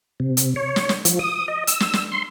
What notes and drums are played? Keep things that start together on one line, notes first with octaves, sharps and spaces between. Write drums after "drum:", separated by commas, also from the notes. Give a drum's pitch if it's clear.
C3
drum: hi-hat
C#5
drum: snare
drum: snare
F3, drum: hi-hat
D#6
D#5
E6, drum: hi-hat
drum: snare
drum: snare
C6